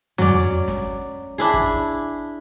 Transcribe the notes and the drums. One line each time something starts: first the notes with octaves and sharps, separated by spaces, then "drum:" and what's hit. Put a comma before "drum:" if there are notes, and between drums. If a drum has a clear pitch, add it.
F#3 C#4 D5, drum: tom F2
drum: snare
D4 E4 G#4
drum: kick